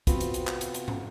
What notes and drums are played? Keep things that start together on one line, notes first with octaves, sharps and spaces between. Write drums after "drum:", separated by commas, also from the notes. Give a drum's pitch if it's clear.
C3 B3 C4 F4 F#4 B4, drum: kick, hi-hat
drum: hi-hat
drum: hi-hat
drum: clap
drum: hi-hat
drum: hi-hat
drum: tom